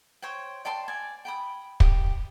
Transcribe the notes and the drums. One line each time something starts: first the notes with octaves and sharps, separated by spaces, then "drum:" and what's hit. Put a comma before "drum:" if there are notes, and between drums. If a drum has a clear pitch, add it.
C5 C#5 G5
D5 G5 A5 C6
D5 G#5
G5 B5 D#6
G4 D#6, drum: kick